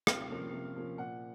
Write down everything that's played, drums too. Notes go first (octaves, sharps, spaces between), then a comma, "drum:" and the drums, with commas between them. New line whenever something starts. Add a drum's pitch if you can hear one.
C3 F5, drum: rim click
F3 A#3 C#4
C3
F3 A#3 C#4
A#2 F#5